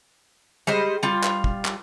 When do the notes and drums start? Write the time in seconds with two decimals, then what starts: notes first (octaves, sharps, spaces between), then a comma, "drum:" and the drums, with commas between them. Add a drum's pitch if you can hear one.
0.67 G3 G#3 C5 D#5
1.03 G3 F4
1.23 drum: clap
1.44 drum: kick
1.65 drum: clap